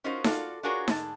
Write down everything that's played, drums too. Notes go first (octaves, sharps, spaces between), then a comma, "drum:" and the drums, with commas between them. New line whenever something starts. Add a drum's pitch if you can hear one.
C#4 D#4 F4 F#4 A#4 C5
F4 F#4 A4 D5 D#5 F5, drum: snare D#4
D4 F4 F#4 G#4 A#4 C#5
G#2 D3 G4 A5, drum: snare D#4